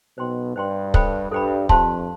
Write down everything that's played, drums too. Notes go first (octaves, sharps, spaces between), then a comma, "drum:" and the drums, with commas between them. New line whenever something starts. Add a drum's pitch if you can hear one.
B1 B2 C5 G5 C6
G2 C5 G5 C6
A4 C5 G5 B5, drum: kick
G2 A4 C5 G5 B5
F2 G4 C5 F5 A5 C6, drum: kick